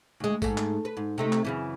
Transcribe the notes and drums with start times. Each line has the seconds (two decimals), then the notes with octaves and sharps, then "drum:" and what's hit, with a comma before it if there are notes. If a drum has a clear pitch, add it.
0.20 D2 G#3
0.42 G#2 A3, drum: kick, tambourine
0.58 drum: clap
0.85 B4
0.97 G#2
1.18 C3 A3 D#4
1.33 drum: clap
1.45 F#2 C#3 E3